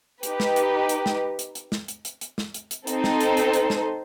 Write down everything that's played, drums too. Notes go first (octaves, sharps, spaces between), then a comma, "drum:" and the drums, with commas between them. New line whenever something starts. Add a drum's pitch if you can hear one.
D#4 G4 B4, drum: hi-hat
drum: snare
drum: hi-hat
drum: hi-hat
drum: snare
drum: hi-hat
drum: hi-hat
drum: snare
drum: hi-hat
drum: hi-hat
drum: hi-hat
drum: snare
drum: hi-hat
drum: hi-hat
C4 D#4 A4 C5, drum: hi-hat
drum: snare
drum: hi-hat
drum: hi-hat
drum: hi-hat
drum: snare